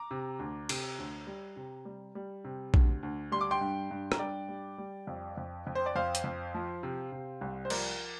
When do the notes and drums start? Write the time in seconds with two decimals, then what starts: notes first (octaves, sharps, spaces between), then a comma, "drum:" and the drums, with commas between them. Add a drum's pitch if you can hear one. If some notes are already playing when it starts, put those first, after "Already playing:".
Already playing: A#5 D6
0.11 C3
0.39 D2
0.69 C3, drum: cymbal
0.99 D2
1.27 G3
1.56 C3
1.85 G3
2.15 G3
2.44 C3
2.74 D2, drum: kick A#1
3.03 D2
3.32 G3 C6
3.41 D6
3.51 G5 C6
3.61 G2
3.91 G2
4.12 A#5, drum: rim click
4.19 G2 D5 G5
4.49 G3
4.78 G3
5.07 F2
5.37 F2
5.67 F2
5.75 C5
5.86 D5
5.96 F2 C5 F5
6.15 drum: hi-hat
6.24 F2
6.54 F3
6.83 C3
7.12 C3
7.41 C2
7.65 C5
7.70 F3 A#4 D5, drum: cymbal